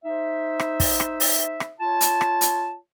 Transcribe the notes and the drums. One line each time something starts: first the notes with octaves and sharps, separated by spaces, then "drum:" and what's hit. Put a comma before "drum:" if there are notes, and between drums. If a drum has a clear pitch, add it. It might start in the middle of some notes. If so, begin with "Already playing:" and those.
D#4 C5 E5
drum: rim click
drum: kick, open hi-hat
drum: rim click
drum: open hi-hat
drum: rim click
F4 C#5 A5
drum: hi-hat
drum: rim click
drum: hi-hat